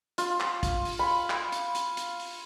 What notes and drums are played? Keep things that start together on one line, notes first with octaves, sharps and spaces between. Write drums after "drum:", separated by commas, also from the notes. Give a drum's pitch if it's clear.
F4, drum: hi-hat
drum: clap
drum: kick, hi-hat
drum: open hi-hat
B5
drum: clap
drum: hi-hat
drum: hi-hat
drum: hi-hat
drum: open hi-hat